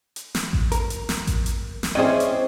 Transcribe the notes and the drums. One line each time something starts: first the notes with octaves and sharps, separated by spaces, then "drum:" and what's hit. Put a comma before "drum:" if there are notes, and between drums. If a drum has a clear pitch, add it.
drum: hi-hat
drum: snare
drum: kick A1
A#4, drum: hi-hat
drum: hi-hat
drum: snare
drum: kick A1, hi-hat
drum: hi-hat
drum: snare
C4 C#4 E4 G#4 C5 D5 D#5 G5
drum: hi-hat